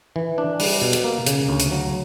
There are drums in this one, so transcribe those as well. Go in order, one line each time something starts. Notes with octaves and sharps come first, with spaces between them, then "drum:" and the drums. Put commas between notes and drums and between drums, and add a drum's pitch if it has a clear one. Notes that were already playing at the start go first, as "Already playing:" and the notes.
E3
D4
G3, drum: open hi-hat
B2
drum: hi-hat
A#3
C#3, drum: hi-hat
D2
drum: hi-hat
F#3